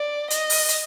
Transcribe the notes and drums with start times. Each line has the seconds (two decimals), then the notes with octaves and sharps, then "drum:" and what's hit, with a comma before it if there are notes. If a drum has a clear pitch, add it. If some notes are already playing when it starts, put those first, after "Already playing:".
Already playing: D5
0.30 D#5, drum: hi-hat
0.50 drum: open hi-hat
0.68 drum: hi-hat